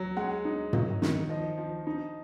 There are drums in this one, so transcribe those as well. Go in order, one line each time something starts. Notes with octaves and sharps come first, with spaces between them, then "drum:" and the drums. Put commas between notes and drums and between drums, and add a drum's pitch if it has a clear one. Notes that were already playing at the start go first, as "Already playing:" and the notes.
Already playing: F#3
G#3 F#5
D#4
F#3, drum: tom
D#3, drum: snare
F3 D#5
F3
D#4